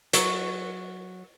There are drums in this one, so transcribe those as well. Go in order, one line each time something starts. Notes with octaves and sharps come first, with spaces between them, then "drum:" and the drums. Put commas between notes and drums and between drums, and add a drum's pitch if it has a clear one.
F#3, drum: hi-hat